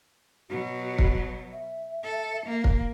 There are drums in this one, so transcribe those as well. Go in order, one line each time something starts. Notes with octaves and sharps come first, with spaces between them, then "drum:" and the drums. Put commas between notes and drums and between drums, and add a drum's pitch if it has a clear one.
B2 F#3 F#4
drum: kick
E5
A4
A#3
drum: kick